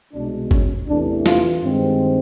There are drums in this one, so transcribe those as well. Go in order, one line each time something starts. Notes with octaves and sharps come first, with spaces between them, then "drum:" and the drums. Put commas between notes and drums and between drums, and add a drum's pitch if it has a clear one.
C2 B2 G#3 D4
C#4, drum: kick G1
E2 C3 E3 A3 D4
F4, drum: snare
G2 D#3 G#3 C4